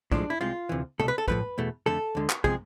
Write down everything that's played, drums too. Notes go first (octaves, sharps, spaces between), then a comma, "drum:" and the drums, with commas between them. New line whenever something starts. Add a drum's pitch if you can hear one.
A2 F3 G#3 D4, drum: kick
E4
C2 C3 G#3 F4
D2 C3 E3
C2 B2 A3 A4
B4
A4
A2 F3 A3 B4, drum: kick
E2 B2 A3
F2 D3 A3 A4
D2 D3 G#3
drum: clap
C3 F3 G#3 G#4, drum: kick